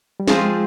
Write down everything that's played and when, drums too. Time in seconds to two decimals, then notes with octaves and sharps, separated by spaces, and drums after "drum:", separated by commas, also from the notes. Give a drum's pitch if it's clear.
0.20 G3
0.28 F3 G#3 C4 F4 G#4, drum: snare
0.40 G#3